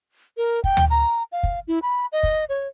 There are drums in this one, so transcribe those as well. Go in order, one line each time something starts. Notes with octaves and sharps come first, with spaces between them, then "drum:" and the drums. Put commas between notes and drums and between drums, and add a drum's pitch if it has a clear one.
A#4
G5, drum: kick
drum: tom D2
A#5
F5
drum: kick
E4
B5
D#5
drum: kick
C#5